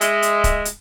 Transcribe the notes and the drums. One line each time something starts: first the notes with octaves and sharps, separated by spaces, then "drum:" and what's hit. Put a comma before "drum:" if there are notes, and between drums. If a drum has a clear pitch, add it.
G#3 E5, drum: hi-hat
drum: hi-hat
drum: kick C#1, hi-hat
drum: hi-hat